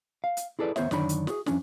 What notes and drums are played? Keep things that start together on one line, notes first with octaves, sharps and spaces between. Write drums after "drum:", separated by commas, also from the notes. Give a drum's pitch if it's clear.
F5
drum: hi-hat
E4 G#4 A4 B4 D5
D#2 B3 C5 C#5 E5, drum: snare
F#2 D3 D#3 D4 C#5 B5, drum: snare
drum: hi-hat
F#4 G#4, drum: snare
F2 D3 C#4 D4, drum: snare